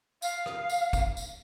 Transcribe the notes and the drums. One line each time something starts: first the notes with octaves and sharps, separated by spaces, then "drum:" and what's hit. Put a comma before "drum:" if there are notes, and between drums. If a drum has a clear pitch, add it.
F5, drum: tambourine
drum: rim click
drum: tambourine
drum: kick, tambourine
drum: tambourine